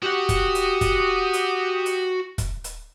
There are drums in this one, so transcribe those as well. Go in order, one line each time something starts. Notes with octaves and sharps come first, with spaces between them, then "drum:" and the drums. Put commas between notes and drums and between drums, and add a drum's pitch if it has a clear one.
F#4 G4 F#5 D#6
drum: kick, hi-hat
drum: hi-hat
drum: kick, hi-hat
drum: hi-hat
drum: hi-hat
drum: kick, hi-hat
drum: hi-hat